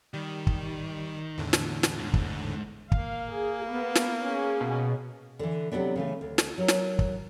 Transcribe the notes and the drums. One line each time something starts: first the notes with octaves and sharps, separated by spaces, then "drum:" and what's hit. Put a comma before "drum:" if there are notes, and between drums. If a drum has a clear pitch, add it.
D#3 G3
drum: kick
E2 A2 D3
drum: snare
drum: snare
C#2 G#2
drum: kick
A#3 F5, drum: kick
G#4
B3
drum: snare
C#4 G#4
B2
D3 E3
C3 E3 F#3 B3 D4
C#3 E3 A3
D2
drum: snare
F#3 A#4
drum: snare
drum: kick